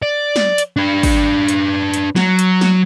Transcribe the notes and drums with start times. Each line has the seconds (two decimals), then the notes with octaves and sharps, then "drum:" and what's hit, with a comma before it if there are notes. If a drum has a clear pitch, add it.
0.03 D5
0.36 drum: snare
0.58 drum: hi-hat
0.77 D4 B4
1.03 drum: kick, open hi-hat
1.48 drum: hi-hat
1.94 drum: hi-hat
2.16 F#3, drum: snare
2.39 drum: hi-hat
2.61 drum: snare